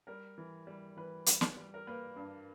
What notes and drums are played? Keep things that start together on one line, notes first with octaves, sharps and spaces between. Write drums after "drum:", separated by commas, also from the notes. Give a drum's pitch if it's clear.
G3 A#4
E3
G3
E3 B4
G3, drum: hi-hat
drum: snare
G3
A#4
A#3 B4
G2